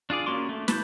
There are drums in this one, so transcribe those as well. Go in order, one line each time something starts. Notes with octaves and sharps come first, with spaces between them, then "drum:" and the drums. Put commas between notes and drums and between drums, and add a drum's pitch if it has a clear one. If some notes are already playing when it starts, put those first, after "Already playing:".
D4 F4 G#4 D5
A#3 C#4 F#4 C6 D6
A3
B4 A5 C6 G6, drum: snare